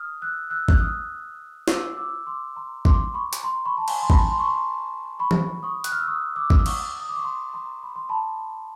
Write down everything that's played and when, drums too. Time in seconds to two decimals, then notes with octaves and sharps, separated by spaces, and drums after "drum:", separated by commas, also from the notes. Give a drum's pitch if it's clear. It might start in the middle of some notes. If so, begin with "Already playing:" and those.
Already playing: D#6 F6
0.22 E6 F#6
0.50 E6 F#6
0.68 F#6, drum: kick G#1
0.80 D#6 F6
1.68 D6 E6, drum: snare
1.97 D6 E6
2.27 C6 D6
2.56 A#5 C6
2.85 C6 D6, drum: kick G#1
3.14 B5 C#6
3.33 drum: hi-hat
3.43 A#5 C6
3.65 B5 C#6
3.77 A5
3.88 G#5 A#5, drum: cymbal
4.02 C6
4.10 A5 B5, drum: kick G#1
4.31 C6
4.40 C#6
4.46 A#5 C6
5.19 B5 C#6
5.31 drum: tom E3
5.63 C#6 D#6
5.84 F#6, drum: hi-hat
5.92 F6
6.00 E6
6.07 C#6 D#6
6.36 D6 E6
6.50 drum: kick G#1
6.66 C#6 D#6, drum: cymbal
7.01 D#6
7.09 D6
7.17 C#6
7.24 A#5 C6
7.54 A#5 C6
7.83 B5
7.96 C6
8.09 A5 B5